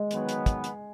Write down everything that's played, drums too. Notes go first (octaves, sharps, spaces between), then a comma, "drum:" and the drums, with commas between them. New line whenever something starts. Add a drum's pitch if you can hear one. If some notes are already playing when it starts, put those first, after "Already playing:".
Already playing: G#3
D#3 F#3 B3, drum: hi-hat
drum: hi-hat
drum: kick, hi-hat
drum: hi-hat